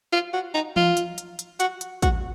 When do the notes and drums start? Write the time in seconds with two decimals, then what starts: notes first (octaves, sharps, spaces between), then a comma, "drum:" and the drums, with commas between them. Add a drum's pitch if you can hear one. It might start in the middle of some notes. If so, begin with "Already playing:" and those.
0.12 F4
0.33 F#4
0.54 D#4
0.76 F4, drum: tom E3
0.97 drum: hi-hat
1.18 drum: hi-hat
1.39 drum: hi-hat
1.60 F#4, drum: hi-hat
1.81 drum: hi-hat
2.02 F#4, drum: kick, hi-hat